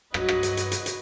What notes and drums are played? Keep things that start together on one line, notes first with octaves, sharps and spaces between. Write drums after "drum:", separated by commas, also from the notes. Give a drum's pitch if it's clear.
G2 F#3 F#4 B4 D#5, drum: rim click
drum: rim click
drum: hi-hat
drum: hi-hat
drum: hi-hat
drum: hi-hat